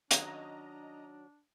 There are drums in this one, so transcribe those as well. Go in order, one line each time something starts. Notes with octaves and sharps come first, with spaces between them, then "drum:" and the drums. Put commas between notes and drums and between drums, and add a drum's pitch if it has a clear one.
D#3 F#3 C#4 D4 D#5 A#5, drum: hi-hat